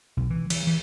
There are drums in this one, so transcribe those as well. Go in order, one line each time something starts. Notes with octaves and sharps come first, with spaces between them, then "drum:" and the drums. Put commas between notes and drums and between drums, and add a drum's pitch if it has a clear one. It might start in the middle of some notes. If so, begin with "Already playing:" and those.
B1
E3
E3, drum: cymbal
E3